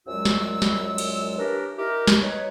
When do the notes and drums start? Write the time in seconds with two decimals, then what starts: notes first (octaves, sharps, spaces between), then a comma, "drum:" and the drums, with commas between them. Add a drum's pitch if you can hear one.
0.07 C2 F#2 F#3 G#3 F4 E6
0.25 drum: snare
0.62 drum: snare
0.98 drum: cymbal
1.38 E3 C#4 D4 G4 A#4
1.78 D#4 E4 G4 A#4
2.07 drum: snare
2.23 D#4 B4 C#5